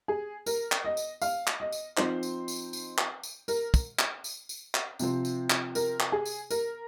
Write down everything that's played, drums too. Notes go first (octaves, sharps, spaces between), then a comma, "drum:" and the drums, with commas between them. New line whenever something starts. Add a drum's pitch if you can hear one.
G#4
A#4, drum: tambourine
drum: clap
D#5
drum: tambourine
F5, drum: tambourine
drum: clap
D#5
drum: tambourine
F3 C4 D#4 C5, drum: clap
drum: tambourine
drum: tambourine
drum: tambourine
drum: clap
drum: tambourine
A#4, drum: tambourine
drum: kick, tambourine
drum: clap
drum: tambourine
drum: tambourine
drum: clap
C3 F3 C4, drum: tambourine
drum: tambourine
drum: clap
A#4, drum: tambourine
drum: clap
G#4
drum: tambourine
A#4, drum: tambourine